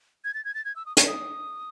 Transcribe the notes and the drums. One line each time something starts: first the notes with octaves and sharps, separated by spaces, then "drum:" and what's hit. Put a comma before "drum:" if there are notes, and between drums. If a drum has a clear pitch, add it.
G#6
A6
G#6
A6
G#6
E6
D#6
C#6, drum: hi-hat
D#6